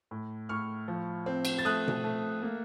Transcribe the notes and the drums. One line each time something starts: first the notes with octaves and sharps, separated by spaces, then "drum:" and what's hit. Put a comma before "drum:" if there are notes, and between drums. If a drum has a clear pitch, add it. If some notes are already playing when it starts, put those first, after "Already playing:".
A2
A2 C#6 F6
F3
C4
drum: cymbal
A6
A3 D#6 F#6
drum: tom B2
A3
A#3